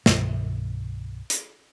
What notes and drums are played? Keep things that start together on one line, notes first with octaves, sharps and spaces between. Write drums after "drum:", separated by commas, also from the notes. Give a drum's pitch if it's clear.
C2 G2 B2 D#3, drum: snare
drum: hi-hat